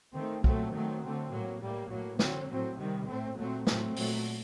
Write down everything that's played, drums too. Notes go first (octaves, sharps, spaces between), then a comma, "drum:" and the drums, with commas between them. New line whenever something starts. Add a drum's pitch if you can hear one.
D#3 A3 C4
A#2 F#3 A3 C4, drum: kick B1
D#3 F#3 A3 C4
D3 A3 C4
A2 F#3 A#3
A2 G3 A#3
A2 F#3 A#3
D3 F#3 C4, drum: snare
A2 F#3 C4
C3 D#3 G3
A2 A3 C4
A#2 F#3 A3 C4
A2 F#3 A3 C4, drum: snare
A#2 F#3 A3, drum: open hi-hat